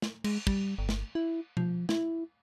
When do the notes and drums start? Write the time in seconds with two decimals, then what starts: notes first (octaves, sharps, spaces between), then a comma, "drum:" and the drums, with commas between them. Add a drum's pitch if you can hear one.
0.02 drum: snare
0.24 G#3, drum: cymbal
0.47 G3, drum: kick
0.78 G1
0.89 drum: snare
1.15 E4
1.57 F3, drum: tom B2
1.89 E4, drum: snare